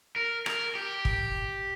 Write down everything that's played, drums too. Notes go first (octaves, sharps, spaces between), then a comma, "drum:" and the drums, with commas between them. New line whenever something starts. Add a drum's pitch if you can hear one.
A#4
A#4, drum: rim click
G4
drum: kick